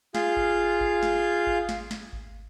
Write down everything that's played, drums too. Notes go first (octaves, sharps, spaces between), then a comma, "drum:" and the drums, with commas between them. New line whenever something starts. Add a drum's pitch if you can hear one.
F4 G#4 F5 G6, drum: snare
drum: kick G#1
drum: kick G#1
drum: snare
drum: kick G#1
drum: snare
drum: snare
drum: kick G#1